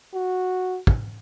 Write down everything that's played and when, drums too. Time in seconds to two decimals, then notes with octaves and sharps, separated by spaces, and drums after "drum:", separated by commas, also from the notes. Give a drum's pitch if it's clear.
0.14 F#4
0.87 drum: kick